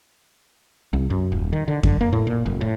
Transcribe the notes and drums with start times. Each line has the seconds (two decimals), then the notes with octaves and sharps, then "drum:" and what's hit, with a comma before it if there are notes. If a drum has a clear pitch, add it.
0.93 C2
1.10 F#2
1.32 D#1
1.53 D#3
1.68 D3
1.83 D3, drum: kick F2
2.01 A#3
2.13 A2
2.27 A#2
2.46 F1
2.61 A2